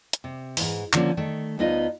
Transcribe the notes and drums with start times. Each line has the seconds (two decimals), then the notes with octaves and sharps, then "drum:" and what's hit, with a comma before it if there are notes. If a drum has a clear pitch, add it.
0.13 drum: hi-hat
0.24 C3
0.57 G#2 E3, drum: open hi-hat
0.93 D3 D#3 F3 A#3 C4 C#4, drum: clap
1.17 D#3 A3
1.59 D2 B3 D#4 F4 D#5